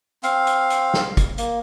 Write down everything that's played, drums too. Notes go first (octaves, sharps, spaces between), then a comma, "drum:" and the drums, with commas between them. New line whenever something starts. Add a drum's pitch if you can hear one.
C4 F5, drum: hi-hat
drum: hi-hat
drum: hi-hat
drum: snare
drum: kick, hi-hat
A#3, drum: hi-hat